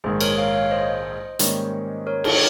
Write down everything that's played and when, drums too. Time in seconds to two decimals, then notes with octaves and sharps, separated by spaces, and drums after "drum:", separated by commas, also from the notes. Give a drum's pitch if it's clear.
0.04 A#1 G#2 D#3 G#4 C5
0.21 A#4 C#5, drum: cymbal
0.38 C#5 F5
0.55 C#5 F5
0.71 C5 D#5
1.39 G#2 D#3 G3 A#3 C#4, drum: hi-hat
2.07 A#4 C#5
2.24 A#4 C#5, drum: cymbal